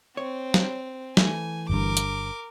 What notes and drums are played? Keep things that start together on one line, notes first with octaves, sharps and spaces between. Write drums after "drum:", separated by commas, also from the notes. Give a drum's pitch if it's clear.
C4 C#5
drum: snare
E3 A3 G#5, drum: snare
G1 G2 A#4 D6
drum: hi-hat